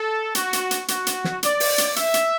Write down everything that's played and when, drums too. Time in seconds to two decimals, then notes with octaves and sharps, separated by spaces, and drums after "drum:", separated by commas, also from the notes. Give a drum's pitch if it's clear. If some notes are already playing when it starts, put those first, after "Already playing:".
Already playing: A4
0.35 F#4, drum: hi-hat
0.53 drum: hi-hat
0.71 drum: hi-hat
0.88 F#4, drum: hi-hat
1.07 drum: hi-hat
1.24 drum: snare
1.43 D5, drum: hi-hat
1.60 drum: open hi-hat
1.78 drum: hi-hat
1.96 E5, drum: hi-hat
2.14 drum: hi-hat